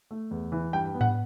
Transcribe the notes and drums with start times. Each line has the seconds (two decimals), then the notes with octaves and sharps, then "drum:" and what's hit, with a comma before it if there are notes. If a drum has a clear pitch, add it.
0.11 A3
0.31 E2
0.52 E3
0.73 G2 G5
0.94 B3
1.01 F#5, drum: tom G#2